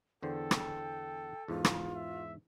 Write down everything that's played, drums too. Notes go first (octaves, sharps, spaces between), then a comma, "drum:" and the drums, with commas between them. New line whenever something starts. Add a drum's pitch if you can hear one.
E2 D3 A4 C5 G5
drum: rim click
E2 G#2 F4
drum: rim click
E5